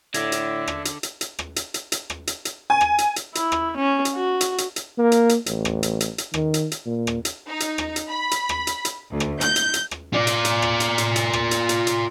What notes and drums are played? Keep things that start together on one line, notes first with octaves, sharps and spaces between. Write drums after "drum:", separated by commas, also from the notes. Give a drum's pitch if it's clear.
A2 D3 D5 E5 G#6 A#6, drum: hi-hat
drum: hi-hat
drum: rim click
drum: hi-hat
drum: hi-hat
drum: hi-hat
drum: rim click
drum: hi-hat
drum: hi-hat
drum: hi-hat
drum: rim click
drum: hi-hat
drum: hi-hat
G#5
drum: rim click
drum: hi-hat
drum: hi-hat
E4, drum: hi-hat
drum: rim click
C#4
drum: hi-hat
F#4
drum: hi-hat
drum: hi-hat
drum: hi-hat
A#3
drum: hi-hat
drum: hi-hat
A1, drum: hi-hat
drum: rim click
drum: hi-hat
drum: hi-hat
drum: hi-hat
D#3, drum: rim click
drum: hi-hat
drum: hi-hat
A#2
drum: rim click
drum: hi-hat
D#4
drum: hi-hat
drum: rim click
drum: hi-hat
B5
drum: hi-hat
drum: rim click
drum: hi-hat
drum: hi-hat
D2
drum: rim click
G6, drum: hi-hat
drum: hi-hat
drum: hi-hat
drum: rim click
F4 D5
drum: hi-hat
drum: hi-hat
drum: rim click
drum: hi-hat
drum: hi-hat
drum: hi-hat
drum: rim click
drum: hi-hat
drum: hi-hat
drum: hi-hat